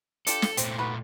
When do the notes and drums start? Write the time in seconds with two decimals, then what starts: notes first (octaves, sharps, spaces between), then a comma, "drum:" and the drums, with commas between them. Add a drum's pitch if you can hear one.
0.27 D4 F4 G4 A4, drum: hi-hat
0.42 drum: snare
0.57 A#2 A3 C4, drum: hi-hat
0.78 D#4 F#4 B4